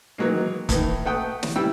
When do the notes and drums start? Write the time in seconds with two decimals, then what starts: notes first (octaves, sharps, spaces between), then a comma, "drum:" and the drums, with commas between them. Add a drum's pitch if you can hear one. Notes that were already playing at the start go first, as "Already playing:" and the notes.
0.18 D#3 E3 F#3 G#3 A#3
0.69 A2 D#3 E3, drum: kick, hi-hat
1.05 A3 F#5 G5 D#6
1.43 drum: snare
1.56 G3 E4 G5 E6